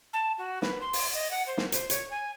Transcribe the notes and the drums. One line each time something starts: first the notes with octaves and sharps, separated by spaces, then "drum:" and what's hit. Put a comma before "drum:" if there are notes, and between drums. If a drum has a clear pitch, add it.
A5
F#4
B4, drum: snare
C6
drum: open hi-hat
D#5
F#5
C5
drum: snare
C5, drum: hi-hat
C#5, drum: hi-hat
G#5